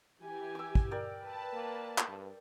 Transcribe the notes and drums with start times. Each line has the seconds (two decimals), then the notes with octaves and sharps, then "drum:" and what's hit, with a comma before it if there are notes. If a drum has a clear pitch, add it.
0.21 E3 G4 G#5
0.55 D6 E6
0.75 drum: kick
0.91 A#4 D5 G5
1.23 B4 A5
1.53 A#3
1.98 drum: clap
2.07 G2